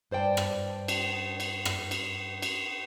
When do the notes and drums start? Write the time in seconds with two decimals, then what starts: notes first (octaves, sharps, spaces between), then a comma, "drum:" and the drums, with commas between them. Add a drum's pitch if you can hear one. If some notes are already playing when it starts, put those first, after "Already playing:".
0.11 G2 C5 D5 G5 A5
0.37 drum: rim click
0.88 drum: cymbal
1.40 drum: cymbal
1.65 drum: rim click
1.91 drum: cymbal
2.42 drum: cymbal